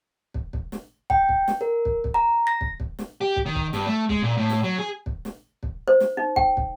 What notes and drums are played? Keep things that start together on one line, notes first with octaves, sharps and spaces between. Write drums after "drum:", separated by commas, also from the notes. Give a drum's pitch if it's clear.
drum: kick
drum: kick
drum: snare
G5, drum: kick
drum: kick
drum: snare
A#4
drum: kick
drum: kick
A#5
A#6
drum: kick
drum: kick
drum: snare
G4
drum: kick
D#3
drum: kick
G2, drum: snare
A3
G#3, drum: kick
A#2
A2
drum: snare
F#3
G#4
drum: kick
drum: snare
drum: kick
C5
drum: snare
D#4
G5, drum: kick
drum: kick